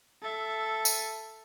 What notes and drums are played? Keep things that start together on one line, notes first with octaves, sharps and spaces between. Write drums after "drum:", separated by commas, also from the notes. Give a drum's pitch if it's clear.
A4 E5
drum: tambourine